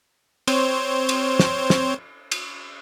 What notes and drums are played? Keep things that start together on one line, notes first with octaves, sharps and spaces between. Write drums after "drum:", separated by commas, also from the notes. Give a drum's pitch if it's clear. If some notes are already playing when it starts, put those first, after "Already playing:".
C4 C5 C#5, drum: cymbal
drum: cymbal
drum: snare
drum: snare
drum: cymbal